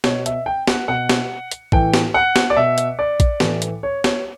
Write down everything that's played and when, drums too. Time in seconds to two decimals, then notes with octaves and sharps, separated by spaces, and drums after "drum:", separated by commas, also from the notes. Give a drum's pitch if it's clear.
0.04 B2 C#5, drum: snare
0.26 E5, drum: hi-hat
0.46 G5
0.68 F#5, drum: snare
0.88 B2 F#5
1.09 drum: snare
1.52 drum: hi-hat
1.72 A2 E3 G5, drum: kick A#1
1.94 drum: snare
2.14 F#5
2.36 drum: snare
2.50 D5
2.57 B2 E5
2.78 drum: hi-hat
2.99 D5
3.20 drum: kick A#1, hi-hat
3.40 A2 E3, drum: snare
3.62 drum: hi-hat
3.83 C#5
4.04 C#5, drum: snare